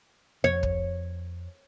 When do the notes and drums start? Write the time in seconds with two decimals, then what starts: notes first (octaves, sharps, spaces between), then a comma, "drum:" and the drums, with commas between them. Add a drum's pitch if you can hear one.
0.44 F2 C#5
0.63 drum: kick